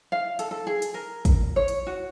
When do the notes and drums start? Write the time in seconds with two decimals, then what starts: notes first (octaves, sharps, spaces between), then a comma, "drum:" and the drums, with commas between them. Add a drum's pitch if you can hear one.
0.12 F5
0.39 A4, drum: hi-hat
0.51 A4
0.67 G#4
0.82 drum: hi-hat
0.94 A#4
1.25 drum: kick, hi-hat
1.56 C#5
1.68 drum: hi-hat
1.87 F#4